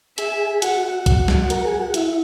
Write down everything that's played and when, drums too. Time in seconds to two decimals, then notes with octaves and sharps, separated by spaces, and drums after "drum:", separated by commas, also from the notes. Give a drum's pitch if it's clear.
0.18 G#4 E5, drum: hi-hat
0.62 F#4 F#5, drum: hi-hat
1.06 F#5, drum: kick, hi-hat
1.28 drum: snare
1.50 A#4, drum: hi-hat
1.65 G#4
1.79 F#4
1.94 E4, drum: hi-hat